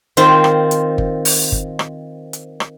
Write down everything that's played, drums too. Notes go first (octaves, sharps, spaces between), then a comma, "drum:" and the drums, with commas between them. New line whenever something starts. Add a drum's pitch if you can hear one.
D#3 C4 F4 C5, drum: hi-hat
drum: rim click
drum: hi-hat
drum: kick G1
drum: open hi-hat
drum: kick G1
drum: rim click
drum: hi-hat
drum: rim click